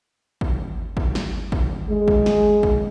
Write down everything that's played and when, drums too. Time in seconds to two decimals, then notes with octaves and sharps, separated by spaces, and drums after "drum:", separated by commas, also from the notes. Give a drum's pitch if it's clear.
0.41 drum: kick
0.97 drum: kick
1.15 drum: snare
1.52 drum: kick
1.89 G#3
2.08 drum: kick
2.26 drum: snare
2.63 drum: kick